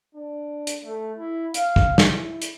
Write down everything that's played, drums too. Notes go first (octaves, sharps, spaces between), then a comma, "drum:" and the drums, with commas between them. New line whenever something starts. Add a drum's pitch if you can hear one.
D4
drum: hi-hat
A3
E4
F5, drum: hi-hat
drum: kick
drum: snare
E4
drum: hi-hat